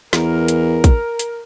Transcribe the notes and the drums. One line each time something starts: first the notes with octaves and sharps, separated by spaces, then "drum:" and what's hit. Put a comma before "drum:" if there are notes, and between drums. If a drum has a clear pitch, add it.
E2 A#4, drum: snare
drum: hi-hat
drum: kick, hi-hat
drum: hi-hat